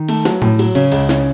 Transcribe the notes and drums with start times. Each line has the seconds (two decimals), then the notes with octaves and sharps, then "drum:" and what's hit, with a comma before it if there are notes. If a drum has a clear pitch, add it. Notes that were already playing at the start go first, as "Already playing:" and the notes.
Already playing: D#3
0.08 A3, drum: cymbal
0.25 F#3, drum: snare
0.42 A2, drum: tom A2
0.59 F#3, drum: cymbal
0.75 C#3 C#4, drum: cymbal
0.92 C#2, drum: cymbal
1.09 C#4, drum: snare